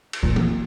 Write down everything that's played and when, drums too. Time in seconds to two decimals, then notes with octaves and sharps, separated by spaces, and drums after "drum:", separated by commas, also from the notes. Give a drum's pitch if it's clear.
0.13 drum: cymbal
0.23 A#2 F3
0.36 drum: tom E3